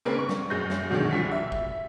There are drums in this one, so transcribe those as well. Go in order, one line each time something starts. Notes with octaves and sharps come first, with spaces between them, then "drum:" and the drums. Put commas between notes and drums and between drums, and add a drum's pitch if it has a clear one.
C#3 A#3 C4 D4 B4
C#6
drum: snare
F#2 G#3 G6 A#6
drum: snare
B2 D3 D#3 F#3 G#3 D4
C2 F3 B6
E5
drum: kick